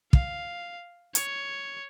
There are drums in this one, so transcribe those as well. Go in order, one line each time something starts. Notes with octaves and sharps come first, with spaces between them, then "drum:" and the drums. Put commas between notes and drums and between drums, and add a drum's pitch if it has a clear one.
F5, drum: kick
C#5, drum: hi-hat